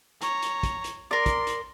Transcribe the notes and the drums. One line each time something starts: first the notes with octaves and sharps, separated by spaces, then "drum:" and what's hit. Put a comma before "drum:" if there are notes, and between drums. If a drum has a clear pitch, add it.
C#5 A#5, drum: hi-hat
drum: hi-hat
drum: kick, hi-hat
drum: hi-hat
A#4 D5 C6
drum: kick, hi-hat
drum: hi-hat